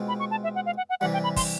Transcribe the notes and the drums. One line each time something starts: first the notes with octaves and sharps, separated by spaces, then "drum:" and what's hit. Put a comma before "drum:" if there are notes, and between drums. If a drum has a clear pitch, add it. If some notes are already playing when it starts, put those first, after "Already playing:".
Already playing: B2 G#3 C4 F4
B5
C#6
A5
E5
F#5
F5
F#5
F#5
C3 E3 G3 F#5
G5
B5
C6, drum: kick, open hi-hat